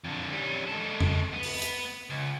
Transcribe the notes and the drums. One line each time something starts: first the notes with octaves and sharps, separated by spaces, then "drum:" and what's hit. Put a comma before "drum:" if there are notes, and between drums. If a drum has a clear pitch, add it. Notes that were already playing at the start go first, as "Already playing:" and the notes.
F2 D3
G3 C#4
G#3 A4
drum: tom F2
B3
drum: open hi-hat
drum: hi-hat
C#2